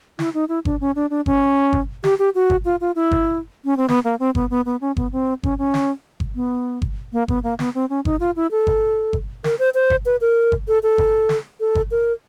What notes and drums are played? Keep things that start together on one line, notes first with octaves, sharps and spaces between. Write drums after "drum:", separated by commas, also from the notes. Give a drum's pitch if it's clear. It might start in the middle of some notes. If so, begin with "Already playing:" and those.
E4, drum: snare
D#4
E4
D4, drum: kick G1
C#4
D4
D4
C#4, drum: kick G1
drum: kick G1
G4, drum: snare
G4
F#4
drum: kick G1
F4
F4
E4
drum: kick G1
C#4
C4
B3, drum: snare
A#3
C4
B3, drum: kick G1
B3
B3
C#4
B3, drum: kick G1
C4
C#4, drum: kick G1
C#4
drum: snare
drum: kick G1
B3
drum: kick G1
A#3
B3, drum: kick G1
A#3
B3, drum: snare
C4
C#4
D#4, drum: kick G1
F4
E4
A4
drum: kick G1
drum: kick G1
A#4, drum: snare
C5
C5
drum: kick G1
B4
A#4
drum: kick G1
A4
A4
drum: kick G1
drum: snare
A4
drum: kick G1
A#4